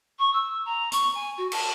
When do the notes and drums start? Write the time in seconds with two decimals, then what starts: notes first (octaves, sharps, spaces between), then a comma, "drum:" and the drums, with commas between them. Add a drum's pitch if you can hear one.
0.19 C#6
0.32 E6
0.65 A#5
0.92 C#6, drum: hi-hat
1.14 G#5
1.37 F#4
1.52 A5, drum: cymbal